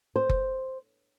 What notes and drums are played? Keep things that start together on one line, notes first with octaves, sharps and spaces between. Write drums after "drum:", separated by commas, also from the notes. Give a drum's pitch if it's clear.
C5
drum: kick F#1